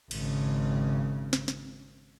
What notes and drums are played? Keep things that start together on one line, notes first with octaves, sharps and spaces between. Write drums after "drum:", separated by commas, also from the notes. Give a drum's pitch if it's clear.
G#1 C#3, drum: cymbal
drum: snare
drum: snare